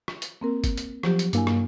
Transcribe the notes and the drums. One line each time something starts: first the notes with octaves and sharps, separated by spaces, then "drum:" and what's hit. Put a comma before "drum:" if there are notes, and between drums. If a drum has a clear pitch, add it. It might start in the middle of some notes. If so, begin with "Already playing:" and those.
drum: rim click
drum: hi-hat
A#3 C4 A#4
drum: kick, hi-hat
drum: hi-hat
F3 F#3 G4, drum: rim click
drum: hi-hat
G2 A#3 D4 E4 G#5, drum: hi-hat
drum: rim click